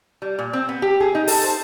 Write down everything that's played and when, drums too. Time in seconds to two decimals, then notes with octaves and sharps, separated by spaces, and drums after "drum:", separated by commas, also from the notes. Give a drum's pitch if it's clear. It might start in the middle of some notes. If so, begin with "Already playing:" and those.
0.22 G3
0.39 A#2
0.53 C4
0.69 B3
0.82 G4
1.00 G#4
1.15 D#4
1.27 A4, drum: open hi-hat
1.44 C5